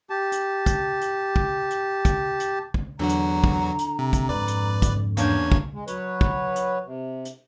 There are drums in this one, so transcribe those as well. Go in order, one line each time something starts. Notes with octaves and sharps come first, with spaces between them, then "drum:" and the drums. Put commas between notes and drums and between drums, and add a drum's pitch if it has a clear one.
G4 A5
drum: hi-hat
drum: kick, hi-hat
drum: hi-hat
drum: kick
drum: hi-hat
drum: kick, hi-hat
drum: hi-hat
drum: kick
E2 D3 F#3 F#4 A#5
drum: hi-hat
drum: kick
drum: hi-hat
C3
drum: kick, hi-hat
F2 G#2 B4 D5
drum: hi-hat
drum: kick, hi-hat
E2 A#3 C#4 D4 C5 C#6 G#6, drum: hi-hat
drum: kick
G#3
F#3 B4 C#5, drum: hi-hat
drum: kick
drum: hi-hat
C3
drum: hi-hat